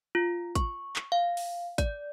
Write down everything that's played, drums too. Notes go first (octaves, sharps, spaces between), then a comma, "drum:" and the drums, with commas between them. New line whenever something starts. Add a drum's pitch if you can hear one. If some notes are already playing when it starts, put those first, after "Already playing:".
F4
C#6, drum: kick, hi-hat
drum: clap
F5
drum: open hi-hat
D5, drum: kick, hi-hat